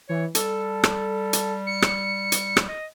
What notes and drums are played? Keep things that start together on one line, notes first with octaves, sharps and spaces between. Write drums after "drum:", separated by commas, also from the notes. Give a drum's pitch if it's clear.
E3 C#5
G3 A4, drum: hi-hat
drum: rim click
drum: hi-hat
C#7
drum: rim click
drum: hi-hat
drum: rim click
D#5